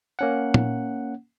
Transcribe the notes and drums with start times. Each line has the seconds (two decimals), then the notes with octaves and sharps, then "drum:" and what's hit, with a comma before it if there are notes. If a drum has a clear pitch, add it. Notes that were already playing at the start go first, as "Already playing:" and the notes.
0.19 A#3 C#4 F#5
0.54 drum: tom